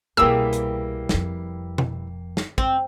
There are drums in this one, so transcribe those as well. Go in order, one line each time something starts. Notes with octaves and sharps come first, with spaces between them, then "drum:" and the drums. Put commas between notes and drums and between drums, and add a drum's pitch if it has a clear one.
C2 B2 E3 G3 A#3 G#4 G5 E6
drum: hi-hat
F1 F2, drum: snare
drum: tom B2
drum: snare
C4, drum: kick